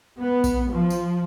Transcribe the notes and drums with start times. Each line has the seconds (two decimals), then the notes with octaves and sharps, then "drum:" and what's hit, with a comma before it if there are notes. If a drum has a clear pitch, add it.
0.21 B3
0.44 drum: kick A#1, tambourine
0.72 F3
0.90 drum: tambourine